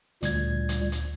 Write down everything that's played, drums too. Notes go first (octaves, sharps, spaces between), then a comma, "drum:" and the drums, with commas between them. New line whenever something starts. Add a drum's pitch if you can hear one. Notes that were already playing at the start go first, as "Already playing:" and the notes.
D2 A#2 G3 G#6, drum: hi-hat
drum: hi-hat
drum: hi-hat